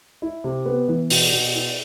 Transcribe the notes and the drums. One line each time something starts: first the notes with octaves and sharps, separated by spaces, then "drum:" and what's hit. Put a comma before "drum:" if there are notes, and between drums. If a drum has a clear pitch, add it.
E4
C3
B3
E3
B2, drum: open hi-hat
B2
E4